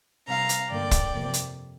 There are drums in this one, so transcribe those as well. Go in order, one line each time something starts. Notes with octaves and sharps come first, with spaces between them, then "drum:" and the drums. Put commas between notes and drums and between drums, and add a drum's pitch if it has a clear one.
C3 G3 C4 F5 A#5
drum: hi-hat
G2 D3 A#3 D5 G5
drum: kick, hi-hat
F2 C3 A#3
drum: hi-hat